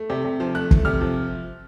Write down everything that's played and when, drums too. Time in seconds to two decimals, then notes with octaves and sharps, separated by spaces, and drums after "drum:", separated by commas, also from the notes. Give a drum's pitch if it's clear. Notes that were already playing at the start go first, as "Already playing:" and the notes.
Already playing: A3
0.10 C3
0.25 C3
0.40 F3
0.55 A3 F#6
0.71 A3, drum: kick
0.85 C3 F6
1.01 F3